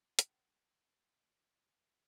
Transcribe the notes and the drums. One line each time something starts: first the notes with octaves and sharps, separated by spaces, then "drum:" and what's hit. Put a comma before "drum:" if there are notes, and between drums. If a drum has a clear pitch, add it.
G#2 D3 F3 F#5 G5, drum: hi-hat